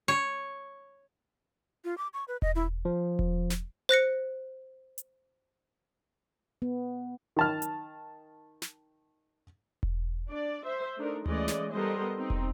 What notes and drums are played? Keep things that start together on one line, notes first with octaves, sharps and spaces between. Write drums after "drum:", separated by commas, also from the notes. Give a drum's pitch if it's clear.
C#5
F4
D6
C#6
B4
D#5, drum: kick E1
E4
F3
drum: kick E1
drum: snare
C5 F#6 A#6 C#7
drum: hi-hat
B3
D#3 A5 F6
drum: hi-hat
drum: snare
drum: kick E1
D4 D5
C5 E5
A3 D4 D#4 A#4
E3 G#3 A3 C#4 D5 D#5, drum: tom D2
drum: snare
G3 B3 A4 A#4 C5 D#5
C4 D#4
drum: kick E1